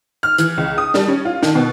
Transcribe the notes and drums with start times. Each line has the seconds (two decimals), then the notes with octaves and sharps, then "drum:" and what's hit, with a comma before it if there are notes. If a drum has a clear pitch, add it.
0.23 F6
0.38 E3, drum: hi-hat
0.57 C#2
0.78 D#6
0.94 G3, drum: snare
1.08 C#4
1.25 F4
1.43 D#3, drum: snare
1.55 B2